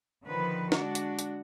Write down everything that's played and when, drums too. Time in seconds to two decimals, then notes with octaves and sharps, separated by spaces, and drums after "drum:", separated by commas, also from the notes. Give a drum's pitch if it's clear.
0.25 D3 D#3 F3 B4
0.72 G#3 D4 F#4, drum: snare
0.95 drum: hi-hat
1.19 drum: hi-hat